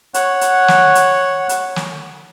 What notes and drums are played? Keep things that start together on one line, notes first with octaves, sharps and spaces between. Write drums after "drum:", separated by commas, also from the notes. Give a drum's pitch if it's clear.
C#5 F#5, drum: hi-hat
drum: hi-hat
drum: snare
drum: hi-hat
drum: hi-hat
drum: snare